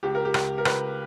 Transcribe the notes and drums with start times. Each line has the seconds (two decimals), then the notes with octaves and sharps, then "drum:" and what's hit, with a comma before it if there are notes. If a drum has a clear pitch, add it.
0.03 C#2 G4
0.15 A#4
0.25 G4
0.34 C#2, drum: rim click
0.58 A#4
0.65 C#2 B4, drum: rim click